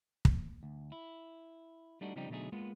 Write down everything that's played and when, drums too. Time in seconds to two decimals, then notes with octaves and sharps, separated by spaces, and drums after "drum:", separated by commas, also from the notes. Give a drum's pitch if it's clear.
0.25 drum: kick
0.63 D2
0.92 E4
2.01 G3 A3 D4 D#4 F#4
2.16 C#3 F3 G3 C4 D#4 G4
2.30 B2 D3 F#3 A3 D#4 G#4
2.52 G#3 A#3 B3 F4